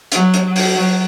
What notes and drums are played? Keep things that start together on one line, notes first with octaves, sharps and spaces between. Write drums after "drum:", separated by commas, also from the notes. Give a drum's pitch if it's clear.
F#3, drum: hi-hat
drum: hi-hat
drum: open hi-hat
F#3